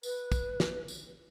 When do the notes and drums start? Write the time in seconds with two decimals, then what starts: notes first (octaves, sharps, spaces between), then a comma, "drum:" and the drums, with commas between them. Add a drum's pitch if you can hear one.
0.03 B4, drum: tambourine
0.32 drum: kick, tambourine
0.60 drum: snare
0.88 drum: tambourine